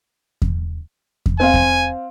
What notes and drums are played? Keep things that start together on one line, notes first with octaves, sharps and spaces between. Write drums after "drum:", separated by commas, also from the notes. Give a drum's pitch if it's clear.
drum: kick E2
drum: kick E2
C4 F5 G#5
drum: kick E2